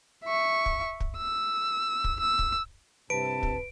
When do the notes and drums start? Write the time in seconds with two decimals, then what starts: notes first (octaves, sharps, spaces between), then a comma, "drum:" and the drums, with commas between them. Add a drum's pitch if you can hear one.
0.25 E5 C#6
0.66 drum: kick
1.00 drum: kick
1.18 E6
2.04 drum: kick
2.20 E6
2.39 drum: kick
3.10 C2 G2 C3 B4 A5 D7
3.43 drum: kick